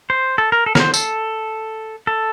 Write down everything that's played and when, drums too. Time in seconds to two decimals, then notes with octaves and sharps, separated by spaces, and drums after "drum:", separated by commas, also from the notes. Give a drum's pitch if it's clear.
0.10 C5
0.38 A4
0.52 A#4
0.66 A4
0.75 A#4, drum: snare
0.80 C5
0.94 A4, drum: tambourine
2.07 A4